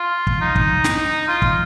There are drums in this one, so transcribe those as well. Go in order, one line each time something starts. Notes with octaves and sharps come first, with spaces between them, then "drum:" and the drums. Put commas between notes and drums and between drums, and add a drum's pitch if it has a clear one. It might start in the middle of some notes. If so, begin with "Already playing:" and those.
Already playing: F4
drum: kick
D#4
drum: kick
drum: snare
F4
drum: kick